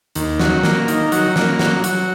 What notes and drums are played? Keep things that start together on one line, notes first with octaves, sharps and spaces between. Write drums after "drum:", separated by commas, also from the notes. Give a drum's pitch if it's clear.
D#2, drum: hi-hat
F#3, drum: snare
A#3, drum: snare
D#3, drum: hi-hat
F#3, drum: hi-hat
A#3, drum: snare
F#3, drum: snare
F#3, drum: hi-hat